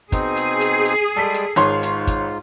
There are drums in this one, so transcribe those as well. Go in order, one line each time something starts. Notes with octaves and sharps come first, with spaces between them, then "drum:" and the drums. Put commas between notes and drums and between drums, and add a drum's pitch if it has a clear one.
B2 C4 D#4 G#4, drum: kick, hi-hat
drum: hi-hat
drum: hi-hat
drum: hi-hat
G3 G#3 A4 D5 B6
drum: hi-hat
G#1 G#2 F4 C#5 C6, drum: hi-hat
drum: hi-hat
drum: kick, hi-hat